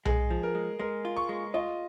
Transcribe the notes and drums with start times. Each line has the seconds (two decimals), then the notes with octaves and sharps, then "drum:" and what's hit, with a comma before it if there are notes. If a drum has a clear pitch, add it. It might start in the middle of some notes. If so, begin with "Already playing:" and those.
0.05 G#3 G#4, drum: tom B1
0.30 F3
0.43 A#4
0.55 G#3
0.80 G#3 A#4
1.05 F4
1.17 C#6
1.29 G#3
1.54 F4 D#5